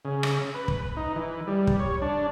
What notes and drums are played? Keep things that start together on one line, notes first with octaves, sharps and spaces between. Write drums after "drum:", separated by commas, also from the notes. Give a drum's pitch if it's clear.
C#3
drum: rim click
B4
drum: kick
D#4
E3
G3
drum: kick
C#5
D4